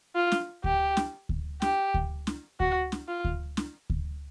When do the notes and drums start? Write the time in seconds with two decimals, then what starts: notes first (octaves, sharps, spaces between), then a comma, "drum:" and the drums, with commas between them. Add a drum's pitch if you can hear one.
0.15 F4
0.32 drum: snare
0.64 G4, drum: kick D2
0.97 drum: snare
1.29 drum: kick D2
1.62 G4, drum: snare
1.94 drum: kick D2
2.27 drum: snare
2.60 F#4, drum: kick D2
2.92 drum: snare
3.08 F4
3.25 drum: kick D2
3.57 drum: snare
3.90 drum: kick D2